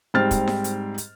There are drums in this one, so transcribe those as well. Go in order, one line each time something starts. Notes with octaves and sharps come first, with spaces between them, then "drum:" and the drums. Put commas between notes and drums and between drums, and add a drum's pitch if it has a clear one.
G#2 G3 C4 F6 A6
drum: kick, hi-hat
drum: snare D#4
drum: hi-hat
drum: hi-hat